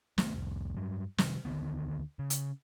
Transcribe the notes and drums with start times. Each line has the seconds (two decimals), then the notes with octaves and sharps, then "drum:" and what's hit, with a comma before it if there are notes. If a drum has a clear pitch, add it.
0.18 C2 D#3 A3 B3, drum: snare
0.34 F1 C2
0.77 G2 F#3
1.18 C3 D#3 G3, drum: snare
1.45 D2 D3 D#3 B3
2.19 C#3
2.30 drum: hi-hat